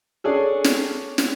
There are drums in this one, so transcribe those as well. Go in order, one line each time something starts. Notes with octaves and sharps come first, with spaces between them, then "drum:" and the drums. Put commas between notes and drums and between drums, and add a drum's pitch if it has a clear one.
C#4 D4 G#4 A4
drum: snare
drum: snare